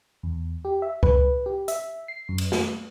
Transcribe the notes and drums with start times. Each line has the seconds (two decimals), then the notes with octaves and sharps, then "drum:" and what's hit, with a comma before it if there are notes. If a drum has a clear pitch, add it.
0.23 E2
0.65 G4
0.82 E5
1.03 B4, drum: kick C#2
1.46 G4
1.68 E5, drum: hi-hat
2.08 C7
2.29 F#2
2.38 drum: cymbal
2.52 A3, drum: snare